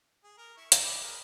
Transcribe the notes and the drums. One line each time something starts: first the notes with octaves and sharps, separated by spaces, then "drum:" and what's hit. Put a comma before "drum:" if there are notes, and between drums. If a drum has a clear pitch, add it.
G#4
A#4
E4 C#6
D5 E5 A#5, drum: hi-hat
D#5 B5 D6
G#4 A#4 B4